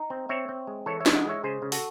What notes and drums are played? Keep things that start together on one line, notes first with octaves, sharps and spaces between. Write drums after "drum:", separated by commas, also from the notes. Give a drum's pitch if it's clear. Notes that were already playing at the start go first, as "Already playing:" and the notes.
Already playing: D#4
C4
C4 C#5 E5
C4
G#3
E3 A4 C#5
C#5 E5
G#3, drum: snare
D#5 F#5
G#3 C#5 E5
C#3 G#4 C5
C#3
F#4 A4, drum: open hi-hat